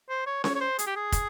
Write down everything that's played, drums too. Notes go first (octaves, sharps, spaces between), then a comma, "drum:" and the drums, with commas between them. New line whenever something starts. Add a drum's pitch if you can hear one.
C5
C#5
C#5, drum: snare C#4
C#5
C5
G#4, drum: hi-hat
G4
G#4
drum: kick, hi-hat